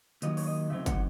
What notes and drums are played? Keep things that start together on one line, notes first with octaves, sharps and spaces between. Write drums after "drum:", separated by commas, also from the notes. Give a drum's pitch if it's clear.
D#2 D#3 F#3 D#4 D#5, drum: hi-hat
C#5, drum: open hi-hat
D#5
E2 C#3 F#3 C4 D#4 E5
F#5, drum: kick, hi-hat